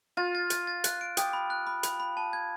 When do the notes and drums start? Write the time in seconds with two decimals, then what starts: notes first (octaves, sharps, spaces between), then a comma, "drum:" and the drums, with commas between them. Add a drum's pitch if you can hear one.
0.17 F4 A6
0.35 A6
0.50 A6, drum: hi-hat
0.67 A6
0.84 F#6, drum: hi-hat
1.01 D7
1.17 G4 D#6, drum: hi-hat
1.33 B5
1.50 F#6
1.67 B5
1.83 B5, drum: hi-hat
2.00 B5
2.17 A5
2.33 G#6